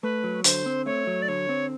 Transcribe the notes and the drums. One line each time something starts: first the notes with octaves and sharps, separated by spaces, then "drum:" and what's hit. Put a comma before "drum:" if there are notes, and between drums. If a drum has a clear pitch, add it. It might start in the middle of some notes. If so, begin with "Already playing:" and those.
A3 B4
F#3
D3 C5, drum: hi-hat
C4
A3 C#5
F#3
D5
D3 C#5
C4